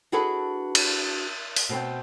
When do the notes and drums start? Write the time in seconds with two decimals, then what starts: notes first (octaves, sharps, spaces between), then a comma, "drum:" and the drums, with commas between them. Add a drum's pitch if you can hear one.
0.12 D4 E4 F#4 G#4 A4 B4
0.75 drum: cymbal
1.56 drum: open hi-hat
1.69 B2 C4 C5 G5